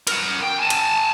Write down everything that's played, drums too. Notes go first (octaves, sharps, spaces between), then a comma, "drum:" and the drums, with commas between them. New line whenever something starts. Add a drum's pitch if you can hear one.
A#4 F#5, drum: cymbal
G5
G#5 A5
drum: cymbal